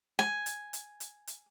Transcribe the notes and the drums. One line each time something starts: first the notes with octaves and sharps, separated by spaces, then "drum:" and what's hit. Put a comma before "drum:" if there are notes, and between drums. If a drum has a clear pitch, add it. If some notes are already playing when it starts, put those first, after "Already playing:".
G#5, drum: snare
drum: hi-hat
drum: hi-hat
drum: hi-hat
drum: hi-hat